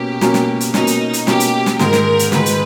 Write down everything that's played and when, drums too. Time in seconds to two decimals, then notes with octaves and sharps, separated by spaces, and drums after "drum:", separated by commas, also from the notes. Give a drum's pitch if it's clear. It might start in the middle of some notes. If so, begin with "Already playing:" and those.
Already playing: B2 A#3 C#4 G4
0.21 B2 A#3 C#4, drum: snare
0.34 drum: snare
0.61 drum: hi-hat
0.74 B2 A#3 C#4 D#4, drum: snare
0.87 drum: hi-hat
1.13 drum: hi-hat
1.27 B2 A#3 C#4 G4, drum: snare
1.40 drum: hi-hat
1.66 drum: snare
1.79 G#2 D#3 G#3 A#4, drum: snare
1.93 drum: snare
2.19 drum: hi-hat
2.32 G#2 D#3 G#3 B4, drum: snare
2.46 drum: hi-hat